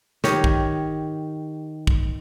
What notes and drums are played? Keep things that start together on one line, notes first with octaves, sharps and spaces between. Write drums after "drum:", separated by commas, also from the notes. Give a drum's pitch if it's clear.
D#3 G4 C#5, drum: snare
drum: kick
drum: kick